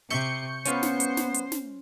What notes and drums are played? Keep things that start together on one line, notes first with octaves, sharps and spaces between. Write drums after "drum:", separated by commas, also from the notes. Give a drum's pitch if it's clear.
C3 E5 C#6 G6 C#7
B3 C#4 F4 B4 C5, drum: hi-hat
drum: snare
drum: hi-hat
drum: snare
drum: hi-hat
drum: snare